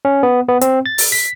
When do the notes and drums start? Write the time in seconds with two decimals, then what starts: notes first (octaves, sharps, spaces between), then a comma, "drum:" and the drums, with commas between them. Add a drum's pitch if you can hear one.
0.05 C#4
0.23 B3
0.48 B3
0.61 C4, drum: hi-hat
0.86 A6
0.98 drum: open hi-hat
1.12 B6